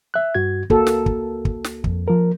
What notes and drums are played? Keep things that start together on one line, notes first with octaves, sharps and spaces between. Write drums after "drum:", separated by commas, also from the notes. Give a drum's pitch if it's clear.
E5 F#6
G2 F#4 G#6
C#2 A#3 F#4 A4, drum: kick
drum: snare
drum: kick
drum: kick
drum: snare
F2, drum: kick
F3 A#4